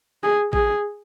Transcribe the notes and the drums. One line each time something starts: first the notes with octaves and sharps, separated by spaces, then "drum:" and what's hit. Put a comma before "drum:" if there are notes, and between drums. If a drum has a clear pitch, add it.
G#4
G#4, drum: kick A1